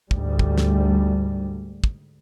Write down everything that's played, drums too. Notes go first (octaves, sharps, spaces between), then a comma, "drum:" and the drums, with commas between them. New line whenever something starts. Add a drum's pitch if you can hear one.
D2 G#2 G3, drum: kick
drum: kick
drum: snare
drum: kick